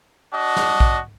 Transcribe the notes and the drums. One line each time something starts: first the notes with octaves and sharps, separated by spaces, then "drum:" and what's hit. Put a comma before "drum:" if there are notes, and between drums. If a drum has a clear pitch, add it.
D4 F#4 D#5
drum: snare
drum: kick A#1